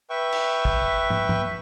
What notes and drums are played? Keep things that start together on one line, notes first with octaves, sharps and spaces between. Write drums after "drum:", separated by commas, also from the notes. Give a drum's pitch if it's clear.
B4 E5 G5 C#6
drum: cymbal
drum: kick
drum: tom
drum: tom